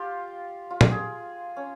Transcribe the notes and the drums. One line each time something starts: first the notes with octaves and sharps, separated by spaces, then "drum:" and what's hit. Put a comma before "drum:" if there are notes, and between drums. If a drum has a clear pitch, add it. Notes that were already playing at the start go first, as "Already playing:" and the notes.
Already playing: F4 G4
F4
G4, drum: tom
G#4
C#4